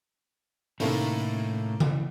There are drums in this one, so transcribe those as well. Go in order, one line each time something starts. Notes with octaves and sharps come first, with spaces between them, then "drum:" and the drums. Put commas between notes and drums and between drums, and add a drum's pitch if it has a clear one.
A2 C3 D#3 A3 A#3 C#4, drum: open hi-hat
drum: tom C#3